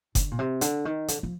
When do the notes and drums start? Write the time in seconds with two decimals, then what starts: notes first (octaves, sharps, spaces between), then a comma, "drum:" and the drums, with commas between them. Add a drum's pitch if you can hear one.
0.15 D3, drum: kick F#1, hi-hat
0.31 A#2
0.39 C3
0.61 D3, drum: hi-hat
0.85 D#3
1.08 D3, drum: hi-hat
1.23 F3